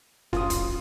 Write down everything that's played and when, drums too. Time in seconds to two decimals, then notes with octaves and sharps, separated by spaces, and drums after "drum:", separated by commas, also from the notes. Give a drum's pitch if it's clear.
0.33 F#1 F4 D#6, drum: snare C#4
0.50 drum: kick, hi-hat